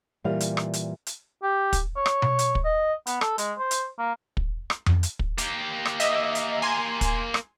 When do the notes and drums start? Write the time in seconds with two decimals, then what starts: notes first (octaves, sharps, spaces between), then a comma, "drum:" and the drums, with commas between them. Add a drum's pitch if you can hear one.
0.24 A#2 E3 G3 F5
0.40 drum: hi-hat
0.57 drum: rim click
0.73 drum: hi-hat
1.07 drum: hi-hat
1.43 G4
1.73 drum: kick, hi-hat
1.96 C#5
2.06 drum: rim click
2.22 drum: tom B2
2.39 drum: hi-hat
2.55 drum: kick
2.65 D#5
3.07 B3, drum: hi-hat
3.21 A4, drum: rim click
3.38 G#3, drum: hi-hat
3.58 C5
3.71 drum: hi-hat
3.99 A#3
4.37 drum: kick
4.70 drum: rim click
4.86 drum: tom F2
5.03 drum: hi-hat
5.19 drum: kick
5.38 A#3 G4, drum: hi-hat
5.85 drum: rim click
6.00 D#5 E5, drum: hi-hat
6.35 drum: hi-hat
6.62 G#5 C6
7.01 drum: kick, hi-hat
7.34 drum: rim click